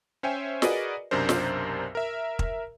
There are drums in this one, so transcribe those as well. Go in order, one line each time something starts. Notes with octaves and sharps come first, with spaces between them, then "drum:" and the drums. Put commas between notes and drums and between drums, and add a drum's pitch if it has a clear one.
C#4 C5 C#5 E5 G5 G#5
F#4 G#4 A#4 B4 D5 D#5, drum: snare
B1 F#2 C3 D4 A#4 C5
drum: snare
A#4 E5
drum: kick